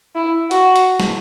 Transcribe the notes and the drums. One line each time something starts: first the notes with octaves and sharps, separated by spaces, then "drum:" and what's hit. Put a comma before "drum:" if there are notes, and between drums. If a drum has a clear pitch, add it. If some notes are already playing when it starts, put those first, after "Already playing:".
E4
F#4, drum: hi-hat
drum: hi-hat
drum: snare